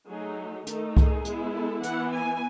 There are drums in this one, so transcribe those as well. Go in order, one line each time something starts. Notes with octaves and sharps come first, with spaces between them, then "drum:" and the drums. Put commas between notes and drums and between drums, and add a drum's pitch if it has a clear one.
F#3 A3 D#4 G#4
D#3 A3 D#4 A4, drum: hi-hat
G#4, drum: kick C2
G#3 B3 E4, drum: hi-hat
A4
E3 B3 E4 F#5, drum: hi-hat
G#5